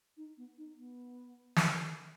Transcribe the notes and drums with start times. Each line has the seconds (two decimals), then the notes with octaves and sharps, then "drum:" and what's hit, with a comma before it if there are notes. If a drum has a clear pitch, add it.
0.17 D#4
0.37 B3
0.58 D#4
0.77 B3
1.56 drum: snare